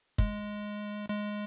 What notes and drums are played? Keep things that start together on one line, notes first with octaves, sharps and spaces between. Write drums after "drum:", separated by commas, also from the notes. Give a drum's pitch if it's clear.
G#3, drum: kick
G#3